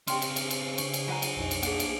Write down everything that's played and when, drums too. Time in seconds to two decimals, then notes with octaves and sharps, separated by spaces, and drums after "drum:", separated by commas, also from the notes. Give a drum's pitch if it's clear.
0.08 C#3 C4 G4 G5 C6 F6, drum: cymbal
0.22 drum: cymbal
0.36 drum: cymbal
0.51 drum: cymbal
0.78 C#3 C#6, drum: cymbal
0.94 drum: cymbal
1.08 F#3 F4 F#5 G#5 A#5
1.22 drum: cymbal
1.37 B1 F2 D#4
1.51 drum: cymbal
1.63 A#3 D4 G#4 F#5, drum: cymbal
1.80 drum: cymbal